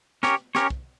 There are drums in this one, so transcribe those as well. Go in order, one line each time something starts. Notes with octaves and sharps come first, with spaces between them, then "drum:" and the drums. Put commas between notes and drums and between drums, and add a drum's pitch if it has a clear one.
C#4 G4 A#4 C#5, drum: snare
C#4 G4 A#4 C#5, drum: snare
drum: kick